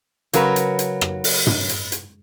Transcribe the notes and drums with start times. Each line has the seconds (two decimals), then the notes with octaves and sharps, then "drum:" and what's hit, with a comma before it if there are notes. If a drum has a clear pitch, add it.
0.33 C#3 F#3 A#4 B4, drum: hi-hat
0.56 drum: hi-hat
0.79 drum: hi-hat
1.01 drum: rim click
1.24 drum: open hi-hat
1.47 drum: tom
1.69 drum: hi-hat
1.92 drum: hi-hat